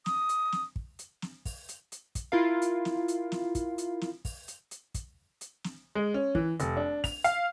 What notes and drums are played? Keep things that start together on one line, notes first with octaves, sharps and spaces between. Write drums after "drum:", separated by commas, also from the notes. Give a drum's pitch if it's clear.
D#6, drum: snare
drum: hi-hat
drum: snare
drum: kick
drum: hi-hat
drum: snare
drum: kick, open hi-hat
drum: hi-hat
drum: hi-hat
drum: kick, hi-hat
E4 F4 A#4 F5
drum: hi-hat
drum: snare
drum: hi-hat
drum: snare
drum: kick, hi-hat
drum: hi-hat
drum: snare
drum: kick, open hi-hat
drum: hi-hat
drum: hi-hat
drum: kick, hi-hat
drum: hi-hat
drum: snare
G#3
C#4
E3, drum: kick
F1, drum: hi-hat
D4
F7, drum: kick, open hi-hat
F5, drum: hi-hat